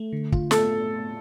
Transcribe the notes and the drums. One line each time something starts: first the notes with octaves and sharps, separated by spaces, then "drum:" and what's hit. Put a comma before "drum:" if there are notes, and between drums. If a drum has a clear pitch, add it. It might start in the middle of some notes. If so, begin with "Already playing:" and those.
Already playing: A3
D3
F4, drum: kick
A3 A4, drum: snare